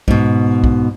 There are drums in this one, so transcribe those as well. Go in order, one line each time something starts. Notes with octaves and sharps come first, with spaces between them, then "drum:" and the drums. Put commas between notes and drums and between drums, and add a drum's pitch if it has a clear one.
G#2 B2, drum: kick
drum: kick